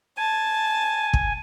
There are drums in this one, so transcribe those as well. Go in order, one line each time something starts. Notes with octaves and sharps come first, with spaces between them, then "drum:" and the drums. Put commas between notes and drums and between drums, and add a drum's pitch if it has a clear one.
G#5 A5
drum: kick